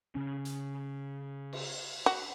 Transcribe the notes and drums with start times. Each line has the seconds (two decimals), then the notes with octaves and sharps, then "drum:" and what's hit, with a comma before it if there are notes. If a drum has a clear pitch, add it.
0.15 C#3 C#4
0.45 drum: hi-hat
1.53 drum: cymbal
2.06 F#4